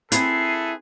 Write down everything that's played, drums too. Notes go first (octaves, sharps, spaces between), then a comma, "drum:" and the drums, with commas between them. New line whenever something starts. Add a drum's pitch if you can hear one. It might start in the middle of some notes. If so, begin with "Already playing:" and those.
C4 E4 G#4 A4 B4 C7, drum: hi-hat